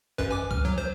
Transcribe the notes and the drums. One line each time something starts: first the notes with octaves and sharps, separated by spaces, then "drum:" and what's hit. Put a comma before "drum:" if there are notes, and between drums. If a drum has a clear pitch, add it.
A1 F#2 B4
G#5 D6
F6, drum: kick
F#3
C5